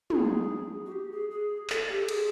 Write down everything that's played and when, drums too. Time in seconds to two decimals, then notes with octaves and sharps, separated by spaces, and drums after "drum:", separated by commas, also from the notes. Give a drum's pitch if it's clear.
0.10 A4, drum: tom
0.15 G#4
0.86 F#4
0.92 G4
1.12 G#4
1.31 G#4
1.70 A4, drum: clap
1.90 G4
2.04 A4
2.08 G#4, drum: cymbal